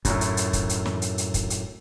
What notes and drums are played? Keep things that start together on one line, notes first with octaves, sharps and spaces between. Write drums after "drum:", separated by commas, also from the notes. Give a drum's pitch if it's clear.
F#2 A2, drum: kick, hi-hat
drum: hi-hat
drum: hi-hat
drum: kick, hi-hat
drum: hi-hat
drum: snare
drum: hi-hat
drum: hi-hat
drum: kick, hi-hat
drum: hi-hat